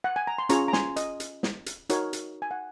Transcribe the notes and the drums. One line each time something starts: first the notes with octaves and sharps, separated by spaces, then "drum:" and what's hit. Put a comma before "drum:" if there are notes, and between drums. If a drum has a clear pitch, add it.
F#5
G#5
A#5
C6
C#4 F4 G#4 C#5 A#5 C#6, drum: hi-hat
A#5
G#5 C6, drum: snare
D#5, drum: hi-hat
drum: hi-hat
drum: snare
drum: hi-hat
D#4 F#4 A#4 C#5, drum: hi-hat
drum: hi-hat
G#5
F#5